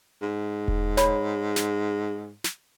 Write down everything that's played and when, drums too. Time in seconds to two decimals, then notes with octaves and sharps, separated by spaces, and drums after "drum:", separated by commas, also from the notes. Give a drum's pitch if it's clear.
0.22 G#2
0.68 drum: kick E1
0.97 C#5 B5, drum: snare
1.56 drum: snare
2.44 drum: snare